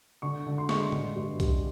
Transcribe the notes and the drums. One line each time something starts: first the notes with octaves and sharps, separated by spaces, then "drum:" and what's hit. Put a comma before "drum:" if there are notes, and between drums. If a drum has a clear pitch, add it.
D3 C#6
D3
C6
G#3 C#6, drum: snare
C6
D3, drum: tom A2
G2
G3, drum: kick, hi-hat